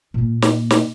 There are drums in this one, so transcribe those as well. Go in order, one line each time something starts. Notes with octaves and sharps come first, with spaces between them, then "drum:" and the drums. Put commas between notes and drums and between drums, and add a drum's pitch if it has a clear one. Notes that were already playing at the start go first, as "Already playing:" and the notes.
A#2 A#3
drum: snare
drum: snare